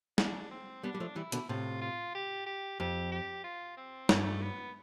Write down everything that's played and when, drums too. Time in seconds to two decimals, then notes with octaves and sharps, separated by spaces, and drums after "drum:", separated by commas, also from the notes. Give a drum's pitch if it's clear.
0.18 D4, drum: snare
0.51 C4
0.83 G3 B3 D4
0.94 G3
1.00 F3 A3
1.16 E3 G3 E4
1.32 B2 D3, drum: hi-hat
1.49 A2 C3 F4
1.81 F4
2.15 G4
2.46 G4
2.80 F2 G4
3.12 G4
3.44 F4
3.77 C4
4.09 G2 A3, drum: snare
4.42 B3